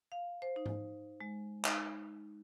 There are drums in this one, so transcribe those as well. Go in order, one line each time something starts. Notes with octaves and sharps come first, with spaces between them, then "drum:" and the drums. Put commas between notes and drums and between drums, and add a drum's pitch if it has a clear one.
F5
C5
D#4
drum: tom G#2
G#3
D#4, drum: clap